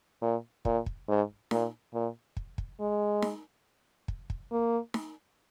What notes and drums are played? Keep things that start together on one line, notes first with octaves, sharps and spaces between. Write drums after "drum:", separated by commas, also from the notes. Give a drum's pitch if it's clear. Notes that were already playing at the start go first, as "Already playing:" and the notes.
A#2
A#2, drum: kick
drum: kick
G#2
A#2, drum: snare D#4
A#2
drum: kick
drum: kick
G#3
drum: snare D#4
drum: kick
drum: kick
A#3
drum: snare D#4